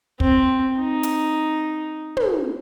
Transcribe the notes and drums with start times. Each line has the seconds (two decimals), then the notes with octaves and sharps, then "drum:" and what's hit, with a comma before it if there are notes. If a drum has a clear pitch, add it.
0.20 C4, drum: kick
0.78 D#4
1.03 drum: hi-hat
2.17 drum: tom